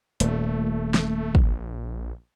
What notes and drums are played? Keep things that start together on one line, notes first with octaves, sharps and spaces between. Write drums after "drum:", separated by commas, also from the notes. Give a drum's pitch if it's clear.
D#1 A#2 A3, drum: hi-hat
drum: snare
A#1, drum: kick